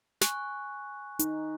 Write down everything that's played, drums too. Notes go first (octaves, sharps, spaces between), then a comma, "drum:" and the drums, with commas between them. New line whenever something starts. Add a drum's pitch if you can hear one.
G#5 C#6 F#6, drum: snare
D#4, drum: hi-hat